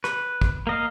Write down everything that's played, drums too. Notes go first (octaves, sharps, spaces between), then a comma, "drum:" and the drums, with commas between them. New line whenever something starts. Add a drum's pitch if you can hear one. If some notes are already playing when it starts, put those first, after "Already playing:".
B4, drum: rim click
drum: kick
A#3 D#5 F5